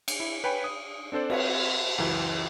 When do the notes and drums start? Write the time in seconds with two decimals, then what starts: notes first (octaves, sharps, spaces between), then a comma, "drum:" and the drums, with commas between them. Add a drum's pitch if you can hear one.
0.08 drum: cymbal
0.20 E4
0.44 B4 C#5 G5 G#5 B5
0.64 D#6
1.12 C4 D4 A4 C5 D5
1.30 C4 B4 C#5, drum: cymbal
1.98 C#2 F#2 E3